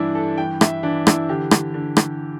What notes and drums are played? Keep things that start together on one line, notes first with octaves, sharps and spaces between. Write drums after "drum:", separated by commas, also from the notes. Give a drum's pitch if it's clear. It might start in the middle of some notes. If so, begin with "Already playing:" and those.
Already playing: G2 E3 D4 E4
A4
E3 G5
E5, drum: rim click
E3 D4
E4, drum: rim click
D3 G4
drum: rim click
D3
drum: rim click